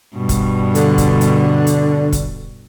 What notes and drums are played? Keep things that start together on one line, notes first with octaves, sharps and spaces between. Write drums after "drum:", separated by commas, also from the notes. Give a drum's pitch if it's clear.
G2 B2
drum: kick, hi-hat
D3, drum: hi-hat
drum: kick, hi-hat
drum: hi-hat
drum: hi-hat
drum: kick, hi-hat